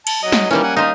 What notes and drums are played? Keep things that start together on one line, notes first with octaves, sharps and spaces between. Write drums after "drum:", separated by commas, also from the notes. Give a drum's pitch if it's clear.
A5, drum: cymbal
F#3 D#5
drum: snare
D#3 E3 G3 A#3 C#4
F#5 G#5
D#4 C5 F5 D#6